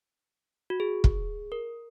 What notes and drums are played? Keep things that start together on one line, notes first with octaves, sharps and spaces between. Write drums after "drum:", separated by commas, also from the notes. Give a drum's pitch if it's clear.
F#4
G#4
drum: kick
A#4